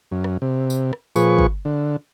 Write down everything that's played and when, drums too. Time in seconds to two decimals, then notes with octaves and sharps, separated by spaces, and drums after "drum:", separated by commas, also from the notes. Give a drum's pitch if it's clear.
0.11 F#2
0.24 drum: rim click
0.42 C3
0.70 drum: tambourine
0.93 drum: rim click
1.16 A#2 F3 G#4 B4 C#6, drum: tambourine
1.38 drum: kick
1.65 D3